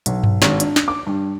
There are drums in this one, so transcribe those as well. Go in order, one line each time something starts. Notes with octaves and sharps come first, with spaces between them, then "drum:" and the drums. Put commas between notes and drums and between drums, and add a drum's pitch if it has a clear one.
B1, drum: hi-hat
drum: tom G2
G#1, drum: snare
D4, drum: hi-hat
drum: snare
D6
G2